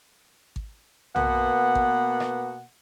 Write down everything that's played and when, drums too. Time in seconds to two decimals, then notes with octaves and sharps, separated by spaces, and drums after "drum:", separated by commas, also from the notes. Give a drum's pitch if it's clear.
0.56 drum: kick G#1
1.16 B2 A#3 B3 F#5, drum: tom B1
1.75 drum: kick G#1
2.20 drum: rim click